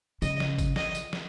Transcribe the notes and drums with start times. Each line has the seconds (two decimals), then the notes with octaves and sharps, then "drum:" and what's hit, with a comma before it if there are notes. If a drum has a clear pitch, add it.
0.22 C#3 D#5, drum: tambourine
0.40 drum: snare
0.58 drum: kick G1, tambourine
0.76 D#5, drum: snare
0.95 drum: tambourine
1.13 drum: snare